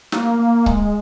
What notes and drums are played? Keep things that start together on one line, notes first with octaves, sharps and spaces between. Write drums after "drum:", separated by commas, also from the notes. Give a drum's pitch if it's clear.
A#3, drum: snare
A#3
G#3, drum: kick C#1